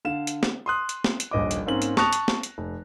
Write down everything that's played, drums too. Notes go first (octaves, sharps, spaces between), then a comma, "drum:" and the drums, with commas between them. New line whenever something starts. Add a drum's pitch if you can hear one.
D3 F5 E7
drum: hi-hat
drum: snare
C6 D#6 F#6
drum: hi-hat
drum: snare
drum: hi-hat
D#1 A#1 D#5 D6
drum: hi-hat
G#2 A#3 C4 C#4 F#7
drum: hi-hat
A5 C#6 D#6 F#6 A#6 F7, drum: snare
drum: hi-hat
drum: snare
drum: hi-hat
F1